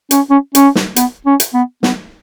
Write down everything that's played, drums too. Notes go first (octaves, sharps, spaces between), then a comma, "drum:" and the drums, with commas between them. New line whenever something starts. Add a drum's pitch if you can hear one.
C#4, drum: hi-hat
C#4
C#4, drum: hi-hat
drum: snare
B3, drum: hi-hat
C#4
drum: hi-hat
B3
B3, drum: snare